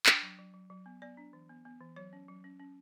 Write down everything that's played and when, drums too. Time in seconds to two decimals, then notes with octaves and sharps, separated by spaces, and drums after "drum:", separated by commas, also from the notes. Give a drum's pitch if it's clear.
0.06 D4 G5, drum: clap
0.22 F#3
0.38 F#3
0.54 F#3
0.70 F#3
0.86 B3
1.02 B3 D5
1.17 D4
1.33 E3
1.49 B3
1.65 B3
1.81 E3
1.96 F#3 C#5
2.13 C#4
2.28 F#3
2.44 C#4
2.60 C#4